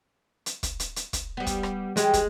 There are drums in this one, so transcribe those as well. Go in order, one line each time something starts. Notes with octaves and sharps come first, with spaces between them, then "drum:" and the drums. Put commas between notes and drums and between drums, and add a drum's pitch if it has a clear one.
drum: hi-hat
drum: kick, hi-hat
drum: hi-hat
drum: hi-hat
drum: kick, hi-hat
G3 B3
drum: kick, hi-hat
drum: rim click
E3 G#3 G4, drum: hi-hat
drum: kick, hi-hat